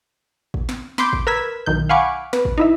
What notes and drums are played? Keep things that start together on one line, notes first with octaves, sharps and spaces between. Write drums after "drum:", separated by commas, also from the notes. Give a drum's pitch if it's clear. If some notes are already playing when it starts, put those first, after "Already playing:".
drum: kick
drum: snare
B5 C6 D6 G6, drum: snare
drum: kick
A#4 B4 E6 G#6 B6
B1 D#3 G6
F5 F#5 G#5 B5 C#6 D6
B4, drum: snare
drum: kick
D#4 E4 E5